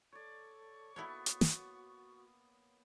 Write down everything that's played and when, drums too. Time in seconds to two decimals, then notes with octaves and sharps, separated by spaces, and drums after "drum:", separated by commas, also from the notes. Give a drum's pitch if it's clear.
0.13 A4 C#5 D5 C#6
0.96 A#3 B3 E4 F#4 A4 C#5
1.26 drum: hi-hat
1.41 drum: snare